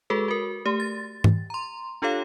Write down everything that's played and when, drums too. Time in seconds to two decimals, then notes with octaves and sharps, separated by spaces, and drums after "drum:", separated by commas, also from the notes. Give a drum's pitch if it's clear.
0.10 G#3 F#4 G#4 A4 B4
0.28 F#4 A#4
0.65 A3 G4
0.80 A6
1.24 drum: tom G#2
1.50 A#5 C6
2.02 D4 F4 G4 A4 C#5 F5